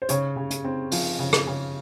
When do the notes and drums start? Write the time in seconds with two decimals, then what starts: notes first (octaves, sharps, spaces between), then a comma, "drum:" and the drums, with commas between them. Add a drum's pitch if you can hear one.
0.02 C5
0.09 C#3 C#5, drum: hi-hat
0.36 C#3
0.50 drum: hi-hat
0.64 C4
0.91 F3 F5, drum: open hi-hat
1.19 C#3
1.33 drum: rim click
1.47 C#3